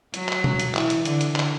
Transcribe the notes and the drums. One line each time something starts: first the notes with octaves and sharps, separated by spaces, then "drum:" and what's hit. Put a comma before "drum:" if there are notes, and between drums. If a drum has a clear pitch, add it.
F#3, drum: hi-hat
drum: clap
drum: tom B2
drum: hi-hat
E3, drum: clap
drum: hi-hat
D3, drum: hi-hat
drum: hi-hat
drum: clap